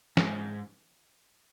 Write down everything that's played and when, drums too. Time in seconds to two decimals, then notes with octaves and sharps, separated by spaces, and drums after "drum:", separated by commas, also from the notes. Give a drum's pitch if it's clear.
0.17 G#2, drum: snare